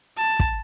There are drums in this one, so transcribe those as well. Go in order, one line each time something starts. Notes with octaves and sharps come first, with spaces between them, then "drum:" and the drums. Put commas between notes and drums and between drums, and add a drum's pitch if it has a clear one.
A5
drum: kick